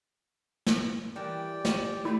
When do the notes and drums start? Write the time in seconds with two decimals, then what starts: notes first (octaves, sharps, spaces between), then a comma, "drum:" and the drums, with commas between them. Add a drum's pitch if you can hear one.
0.66 drum: snare
1.16 E3 G3 A#4 D5 G5
1.65 drum: snare
2.05 A3 D#4 E4 A4